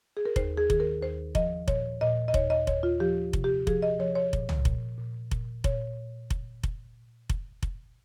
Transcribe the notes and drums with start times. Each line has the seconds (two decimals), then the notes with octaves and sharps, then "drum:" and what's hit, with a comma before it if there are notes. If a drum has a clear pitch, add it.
0.17 G#4
0.26 A#4
0.36 D#2 C5, drum: kick F1
0.58 G#4
0.70 D#3 G#4, drum: kick F1
0.80 A#4
1.02 D#2 C5
1.35 F3 D#5, drum: kick F1
1.68 A#2 C#5, drum: kick F1
2.01 A#2 D#5
2.28 D#5
2.34 D#2 C#5, drum: kick F1
2.50 D#5
2.67 D#2 C#5, drum: kick F1
2.83 F4
3.00 F3 G4
3.33 C3, drum: kick F1
3.44 G4
3.67 F3 G#4, drum: kick F1
3.82 D#5
4.00 F3 C#5
4.16 C#5
4.33 A#2, drum: kick F1
4.49 drum: tom C2
4.65 A#2, drum: kick F1
4.98 A#2
5.31 A#2, drum: kick F1
5.64 A#2 C#5, drum: kick F1
6.30 drum: kick F1
6.63 drum: kick F1
7.29 drum: kick F1
7.63 drum: kick F1